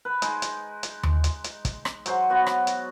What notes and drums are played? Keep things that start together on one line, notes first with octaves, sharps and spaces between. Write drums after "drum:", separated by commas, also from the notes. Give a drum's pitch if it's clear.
B4
G#3 D#4, drum: hi-hat
drum: hi-hat
drum: hi-hat
drum: tom D#2
drum: hi-hat
drum: hi-hat
drum: kick, hi-hat
drum: rim click
F#3 G#3 C5, drum: hi-hat
B3 F#4
drum: rim click
drum: hi-hat